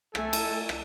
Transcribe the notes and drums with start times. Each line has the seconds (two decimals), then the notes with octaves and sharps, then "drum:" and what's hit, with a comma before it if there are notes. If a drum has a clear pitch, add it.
0.15 A3 A4 G#5, drum: rim click
0.33 drum: cymbal
0.69 drum: rim click